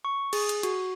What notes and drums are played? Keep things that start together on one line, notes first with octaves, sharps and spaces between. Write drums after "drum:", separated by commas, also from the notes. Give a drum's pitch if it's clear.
C#6
G#4, drum: cymbal
drum: hi-hat
F#4, drum: hi-hat